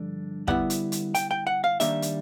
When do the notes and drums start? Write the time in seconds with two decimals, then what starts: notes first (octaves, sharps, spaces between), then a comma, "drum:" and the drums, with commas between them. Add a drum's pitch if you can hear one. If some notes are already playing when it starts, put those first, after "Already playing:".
Already playing: G2 D3 F3 D4
0.47 D3 G3 B3 E4 F#5, drum: kick
0.70 drum: hi-hat
0.92 drum: hi-hat
1.15 G5, drum: hi-hat
1.31 G5
1.47 F#5
1.64 F5
1.80 D#3 G3 A#3 D4 E5, drum: hi-hat
2.02 drum: hi-hat